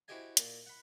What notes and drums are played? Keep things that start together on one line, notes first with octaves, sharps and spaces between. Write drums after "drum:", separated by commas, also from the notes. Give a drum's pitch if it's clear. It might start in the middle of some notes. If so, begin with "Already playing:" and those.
C4 E4 F#4 G4 D#5 G#5
A#2, drum: hi-hat
F#5 B5